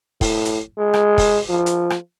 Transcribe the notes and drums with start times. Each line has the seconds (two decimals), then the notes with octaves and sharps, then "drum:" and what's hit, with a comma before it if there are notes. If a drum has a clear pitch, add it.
0.21 A2, drum: kick, open hi-hat
0.45 drum: hi-hat
0.78 G#3
0.94 drum: rim click
1.18 drum: kick, open hi-hat
1.49 F3
1.66 drum: hi-hat
1.90 drum: rim click